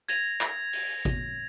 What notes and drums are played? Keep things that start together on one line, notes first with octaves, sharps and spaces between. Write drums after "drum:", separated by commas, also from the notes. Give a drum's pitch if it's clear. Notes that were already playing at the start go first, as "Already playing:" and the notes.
G#6 A#6 F7, drum: hi-hat
drum: clap
drum: open hi-hat
drum: kick G#1, hi-hat